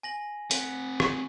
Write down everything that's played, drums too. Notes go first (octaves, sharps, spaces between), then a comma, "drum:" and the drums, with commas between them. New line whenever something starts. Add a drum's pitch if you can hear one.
G#5 A#6 F#7
C4 F#5 B6, drum: hi-hat
drum: rim click